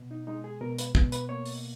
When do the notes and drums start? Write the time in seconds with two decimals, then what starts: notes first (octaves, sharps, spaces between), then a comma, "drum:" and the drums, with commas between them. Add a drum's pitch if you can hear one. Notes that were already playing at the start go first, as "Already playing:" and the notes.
Already playing: B2
0.11 D#4
0.27 G#3 D#4
0.44 G#4
0.61 B2 A#4
0.78 B4, drum: hi-hat
0.95 B2, drum: kick
1.12 B4, drum: hi-hat
1.29 A#3 C#5
1.46 drum: open hi-hat